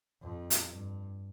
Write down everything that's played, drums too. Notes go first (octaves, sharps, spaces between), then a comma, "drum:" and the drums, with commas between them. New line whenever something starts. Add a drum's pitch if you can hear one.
F2
drum: hi-hat
G2